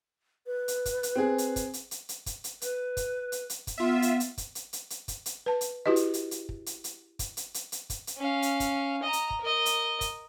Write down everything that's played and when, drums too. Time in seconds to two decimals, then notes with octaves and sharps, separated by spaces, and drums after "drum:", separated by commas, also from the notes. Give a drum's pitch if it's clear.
0.47 B4
0.68 drum: hi-hat
0.85 drum: kick, hi-hat
1.03 drum: hi-hat
1.16 C4 G#4
1.38 drum: hi-hat
1.56 drum: kick, hi-hat
1.74 drum: hi-hat
1.91 drum: hi-hat
2.09 drum: hi-hat
2.26 drum: kick, hi-hat
2.44 drum: hi-hat
2.62 B4, drum: hi-hat
2.97 drum: kick, hi-hat
3.32 drum: hi-hat
3.50 drum: hi-hat
3.67 drum: kick, hi-hat
3.78 B3 F4 E5
4.02 drum: hi-hat
4.20 drum: hi-hat
4.38 drum: kick, hi-hat
4.55 drum: hi-hat
4.73 drum: hi-hat
4.90 drum: hi-hat
5.08 drum: kick, hi-hat
5.26 drum: hi-hat
5.46 B4 A5
5.61 drum: hi-hat
5.86 E4 F#4 G4 B4 D#5
5.96 drum: hi-hat
6.14 drum: hi-hat
6.31 drum: hi-hat
6.49 drum: kick
6.66 drum: hi-hat
6.84 drum: hi-hat
7.19 drum: kick, hi-hat
7.37 drum: hi-hat
7.54 drum: hi-hat
7.72 drum: hi-hat
7.90 drum: kick, hi-hat
8.07 drum: hi-hat
8.18 C#4 F5
8.42 drum: hi-hat
8.60 drum: kick, hi-hat
9.03 D#5 A#5
9.13 drum: hi-hat
9.30 drum: kick
9.41 A#4 D#5
9.66 drum: hi-hat
10.01 drum: kick, hi-hat